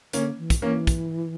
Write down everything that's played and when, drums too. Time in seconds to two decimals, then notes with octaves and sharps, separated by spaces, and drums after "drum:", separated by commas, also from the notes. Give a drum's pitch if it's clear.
0.13 D3 A#3 C#4, drum: hi-hat
0.38 E3
0.50 drum: kick, hi-hat
0.62 E3 A#3 C#4
0.87 drum: kick, hi-hat